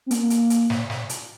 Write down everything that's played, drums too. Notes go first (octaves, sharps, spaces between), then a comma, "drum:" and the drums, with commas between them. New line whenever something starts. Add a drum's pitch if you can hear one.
C4
A#3, drum: hi-hat
drum: hi-hat
drum: hi-hat
drum: snare
drum: snare
drum: hi-hat